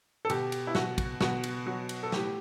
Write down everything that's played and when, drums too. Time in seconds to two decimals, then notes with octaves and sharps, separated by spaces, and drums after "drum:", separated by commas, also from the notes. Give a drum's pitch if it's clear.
0.25 A4
0.30 B2 G4, drum: cymbal
0.52 drum: cymbal
0.67 E4
0.75 B2 F#4, drum: snare
0.98 drum: kick, cymbal
1.21 B2 F#4, drum: snare
1.44 drum: cymbal
1.66 F#3 F#4
1.89 drum: cymbal
2.03 A4
2.12 A2 G4, drum: snare